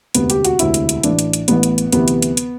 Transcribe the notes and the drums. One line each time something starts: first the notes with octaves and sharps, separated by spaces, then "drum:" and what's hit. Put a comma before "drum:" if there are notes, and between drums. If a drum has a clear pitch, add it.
E1 D2 C3 B3, drum: hi-hat
G4, drum: hi-hat
F#4, drum: hi-hat
E1 D2 C3 E4, drum: hi-hat
drum: hi-hat
drum: hi-hat
A1 A2 E3 D4, drum: hi-hat
drum: hi-hat
drum: hi-hat
A1 A2 E3 B3, drum: hi-hat
drum: hi-hat
drum: hi-hat
D2 C3 E3 B3, drum: hi-hat
drum: hi-hat
drum: hi-hat
drum: hi-hat